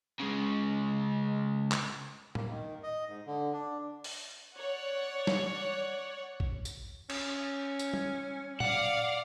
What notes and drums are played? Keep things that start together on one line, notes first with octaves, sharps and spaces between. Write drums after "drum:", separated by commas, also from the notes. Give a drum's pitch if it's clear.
C#3 G#3
drum: clap
A#3, drum: tom
D#3
D#5
G#2
D3
D4
drum: open hi-hat
C#5 D5 F#5
drum: snare
drum: kick
drum: tambourine
C#4, drum: cymbal
drum: tambourine
drum: tom
D5 F5 F#5, drum: tom A#2